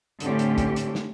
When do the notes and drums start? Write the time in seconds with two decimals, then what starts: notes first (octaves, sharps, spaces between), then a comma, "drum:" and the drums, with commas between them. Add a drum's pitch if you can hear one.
0.20 A2 D3 C4 C#4 G4, drum: hi-hat
0.39 drum: hi-hat
0.58 drum: kick, hi-hat
0.76 drum: hi-hat
0.95 drum: snare